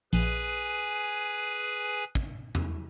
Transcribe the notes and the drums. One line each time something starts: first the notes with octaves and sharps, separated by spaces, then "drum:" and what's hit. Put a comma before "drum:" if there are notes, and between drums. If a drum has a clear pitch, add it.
A#1 G#4 B4 G#5, drum: hi-hat
drum: kick
drum: tom E2